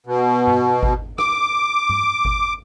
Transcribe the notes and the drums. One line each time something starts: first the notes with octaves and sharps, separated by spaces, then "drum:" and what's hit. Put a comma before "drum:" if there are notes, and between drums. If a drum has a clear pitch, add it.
B2
drum: tom G2
drum: kick G#1
D6, drum: rim click
drum: tom G2
drum: kick G#1